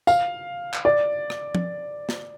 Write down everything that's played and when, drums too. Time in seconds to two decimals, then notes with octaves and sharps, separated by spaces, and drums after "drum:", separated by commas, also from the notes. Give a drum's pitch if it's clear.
0.07 F5, drum: tambourine
0.74 drum: clap
0.85 D5
1.30 drum: rim click
1.55 drum: tom F3
2.09 drum: snare